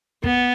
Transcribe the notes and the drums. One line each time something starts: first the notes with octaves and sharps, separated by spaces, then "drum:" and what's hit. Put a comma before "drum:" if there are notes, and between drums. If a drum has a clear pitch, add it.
B3, drum: kick